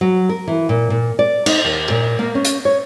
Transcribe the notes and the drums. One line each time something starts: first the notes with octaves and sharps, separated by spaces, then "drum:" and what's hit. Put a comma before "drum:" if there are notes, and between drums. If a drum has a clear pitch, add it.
F#3
A#4
E3
A#2
A#2
D5
D#4, drum: cymbal
D#2
A#2
A#3
C#4
drum: hi-hat
C#5